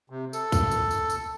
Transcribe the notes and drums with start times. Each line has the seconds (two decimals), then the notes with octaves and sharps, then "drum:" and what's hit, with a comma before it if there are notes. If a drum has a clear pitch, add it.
0.10 C3
0.33 A4, drum: tambourine
0.52 drum: kick, tambourine
0.71 drum: tambourine
0.91 drum: tambourine
1.10 drum: tambourine